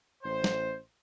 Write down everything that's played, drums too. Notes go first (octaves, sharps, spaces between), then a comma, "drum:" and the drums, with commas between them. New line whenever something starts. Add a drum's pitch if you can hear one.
A1 C5
drum: snare